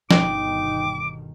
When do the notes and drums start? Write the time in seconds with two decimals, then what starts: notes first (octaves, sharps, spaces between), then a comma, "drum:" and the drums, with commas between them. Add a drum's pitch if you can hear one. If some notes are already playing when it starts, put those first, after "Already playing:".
0.11 G1 B2 D#3 D#4 G5 D6, drum: snare F3